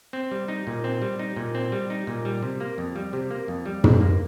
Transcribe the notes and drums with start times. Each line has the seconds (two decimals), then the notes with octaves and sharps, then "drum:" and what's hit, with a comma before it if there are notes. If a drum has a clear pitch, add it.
0.13 C4
0.31 G3
0.48 D#4
0.67 A#2
0.84 C4
1.02 G3
1.19 D#4
1.36 A#2
1.55 C4
1.72 G3
1.90 D#4
2.07 A#2
2.25 G3
2.42 C3
2.60 A#3
2.78 F2
2.96 G3
3.13 C3
3.30 A#3
3.48 F2
3.66 G3
3.84 C3, drum: tom
4.01 A#3